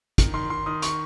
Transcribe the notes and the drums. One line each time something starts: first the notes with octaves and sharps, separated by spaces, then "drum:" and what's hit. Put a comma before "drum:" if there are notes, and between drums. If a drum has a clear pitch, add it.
D#3, drum: kick, hi-hat
D#3 C6
D#3 C6
D#3 D#6
C#6, drum: hi-hat